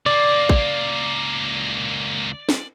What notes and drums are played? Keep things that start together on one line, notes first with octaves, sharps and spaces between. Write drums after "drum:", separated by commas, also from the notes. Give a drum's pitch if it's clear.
C#2 A#3 D5
drum: kick
drum: snare